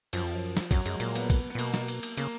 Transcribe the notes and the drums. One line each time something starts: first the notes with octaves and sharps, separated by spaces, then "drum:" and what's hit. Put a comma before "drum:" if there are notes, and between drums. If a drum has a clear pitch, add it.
F#2 F3, drum: cymbal
F2
F#2
drum: snare
F#2 F#3, drum: kick, cymbal
F#2 G#3, drum: cymbal
A#2 A#3, drum: cymbal
B3, drum: cymbal
drum: kick, cymbal
B3
A#2
B2 A#3, drum: cymbal
drum: snare
drum: cymbal
drum: cymbal
C#3 A#3, drum: cymbal